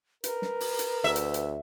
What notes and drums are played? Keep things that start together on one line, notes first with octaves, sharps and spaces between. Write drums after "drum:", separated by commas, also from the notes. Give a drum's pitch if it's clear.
A#4 B4, drum: hi-hat
drum: snare
drum: open hi-hat
drum: hi-hat
D2 E5
drum: hi-hat
drum: hi-hat